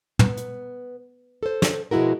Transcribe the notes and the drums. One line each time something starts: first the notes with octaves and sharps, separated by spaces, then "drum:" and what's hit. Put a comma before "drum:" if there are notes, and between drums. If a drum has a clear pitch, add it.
B3, drum: tom
drum: hi-hat
A4 C5
drum: snare
B2 F3 G#3 E4 F#4 A#4